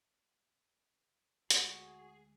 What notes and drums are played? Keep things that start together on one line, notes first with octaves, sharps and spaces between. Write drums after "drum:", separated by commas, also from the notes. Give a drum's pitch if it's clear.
D2 G#3 F#4 G#4, drum: hi-hat